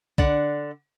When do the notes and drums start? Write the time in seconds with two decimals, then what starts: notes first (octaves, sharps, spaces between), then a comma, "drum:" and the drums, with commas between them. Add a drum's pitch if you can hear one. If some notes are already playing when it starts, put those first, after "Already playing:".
0.18 D3 D5 F#5, drum: kick